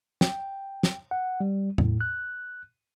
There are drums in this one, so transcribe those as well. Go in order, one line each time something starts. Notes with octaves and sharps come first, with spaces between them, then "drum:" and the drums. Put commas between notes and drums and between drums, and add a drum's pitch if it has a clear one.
G5, drum: snare
drum: snare
F#5
G3
A2, drum: tom E2
F#6